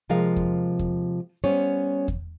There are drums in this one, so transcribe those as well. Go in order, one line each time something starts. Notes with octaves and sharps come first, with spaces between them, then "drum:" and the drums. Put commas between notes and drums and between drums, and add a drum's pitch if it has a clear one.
C3 F3 G#3 A#4 F5
drum: kick E2
drum: kick E2
G3 B3 C#4 C5 C#5
drum: kick E2